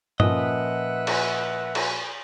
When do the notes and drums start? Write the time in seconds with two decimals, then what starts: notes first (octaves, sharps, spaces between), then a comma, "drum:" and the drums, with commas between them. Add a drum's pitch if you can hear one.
0.20 A#2 F3 C#4 B4 D#5 E5 F#5, drum: tom G2
1.07 drum: cymbal
1.75 drum: cymbal